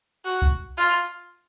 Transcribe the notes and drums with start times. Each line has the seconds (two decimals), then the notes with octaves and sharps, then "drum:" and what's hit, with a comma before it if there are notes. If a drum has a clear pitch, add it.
0.25 F#4
0.42 drum: kick C2
0.77 F4